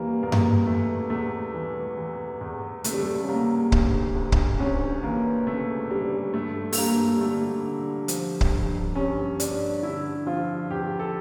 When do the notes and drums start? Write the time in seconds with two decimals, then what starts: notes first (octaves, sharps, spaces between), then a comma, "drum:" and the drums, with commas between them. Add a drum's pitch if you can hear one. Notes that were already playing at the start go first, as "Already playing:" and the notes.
Already playing: E2 E3 G3 A#3
0.23 E2 A#3
0.32 drum: tom F#2
0.66 E3 A3
1.10 E2 A3
1.54 E3
1.97 E3
2.41 E2
2.84 C#3 A3, drum: hi-hat
2.93 G3
3.01 A3
3.23 C#4
3.29 C#3 A#3
3.72 D2, drum: kick C#1
4.15 D2
4.32 drum: kick C#1
4.59 D2 C#4
5.03 E3 A#3
5.47 C#3 A3
5.90 D2 G3
6.34 G2 A3
6.73 A3, drum: open hi-hat
6.78 G2 A#3
7.16 G3
7.21 D3 A3
7.65 D3
8.08 F3, drum: hi-hat
8.41 drum: kick C#1
8.52 G2
8.96 G2 C#4
9.40 G2 D4, drum: hi-hat
9.83 D3 E4
10.27 F3 F4
10.70 E2 G4
10.99 A4